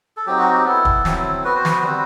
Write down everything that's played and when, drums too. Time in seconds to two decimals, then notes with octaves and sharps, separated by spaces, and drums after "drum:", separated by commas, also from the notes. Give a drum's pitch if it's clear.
0.17 A4
0.27 F#3 C4 D#4 G4
0.39 F#4
0.53 G4
0.65 B3 E4 A4
0.85 drum: kick
1.05 F#3 C4 E4, drum: snare
1.44 B3 F#4 B4
1.55 C5
1.65 B4, drum: snare
1.75 B4
1.83 G3 C4 F#4 C5